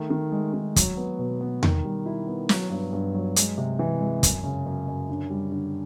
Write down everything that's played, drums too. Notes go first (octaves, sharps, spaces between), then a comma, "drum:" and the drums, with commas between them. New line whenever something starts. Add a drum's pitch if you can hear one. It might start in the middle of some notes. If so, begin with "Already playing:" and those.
Already playing: D#3 A3
D#3
G#3
D#3
F#3, drum: kick, hi-hat
B3
B2
B3
D#3, drum: tom E2
G3
E4
B3
F#3, drum: snare
G2
G2
F#3
G#3, drum: hi-hat
C3
E3
G#3
F#2, drum: kick, hi-hat
C#3
F#2
F#2
D3
G3
D3